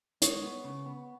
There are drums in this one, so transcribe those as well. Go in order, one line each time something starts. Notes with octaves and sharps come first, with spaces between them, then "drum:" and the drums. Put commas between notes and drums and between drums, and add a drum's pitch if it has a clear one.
G#3 C#5, drum: hi-hat
B3
C#3
B3